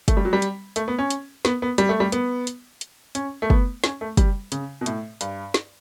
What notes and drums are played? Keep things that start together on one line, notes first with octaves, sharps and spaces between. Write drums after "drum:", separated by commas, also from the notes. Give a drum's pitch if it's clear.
A3, drum: kick, hi-hat
G3
F#3
G3
drum: hi-hat
A3, drum: hi-hat
B3
C#4
drum: hi-hat
B3, drum: snare
B3
G3, drum: hi-hat
A3
G3
B3, drum: hi-hat
drum: hi-hat
drum: hi-hat
C#4, drum: hi-hat
A3
B3, drum: kick
C#4, drum: snare
A3
G3, drum: kick, hi-hat
C#3, drum: hi-hat
B2
A2, drum: hi-hat
G2, drum: hi-hat
drum: snare